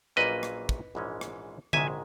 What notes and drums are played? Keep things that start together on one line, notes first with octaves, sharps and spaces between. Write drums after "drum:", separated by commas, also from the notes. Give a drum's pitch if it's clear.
A#1 A#2 F#3 A#3 C#4 B4 D#5
drum: rim click
drum: kick
A#1 G#2 E3 G#3 C#4
drum: rim click
A#1 G#2 D#3 G#3 E5 G#5, drum: tom D3